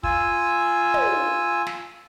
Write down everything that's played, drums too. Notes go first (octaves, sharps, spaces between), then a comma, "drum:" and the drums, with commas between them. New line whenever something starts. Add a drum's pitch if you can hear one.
F4 G#5 E6, drum: kick
drum: tom
drum: snare